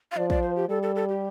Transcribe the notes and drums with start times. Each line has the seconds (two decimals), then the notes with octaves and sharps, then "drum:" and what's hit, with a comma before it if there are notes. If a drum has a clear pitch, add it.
0.11 F5
0.17 F3 D5
0.30 D5, drum: kick
0.43 C5
0.56 G4
0.69 G3 A4
0.83 A4
0.95 A4
1.09 G4